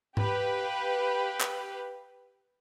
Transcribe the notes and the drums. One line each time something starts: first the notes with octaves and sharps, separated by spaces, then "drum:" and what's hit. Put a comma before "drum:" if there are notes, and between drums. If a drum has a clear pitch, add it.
G4 B4 F5, drum: tom G#2
drum: clap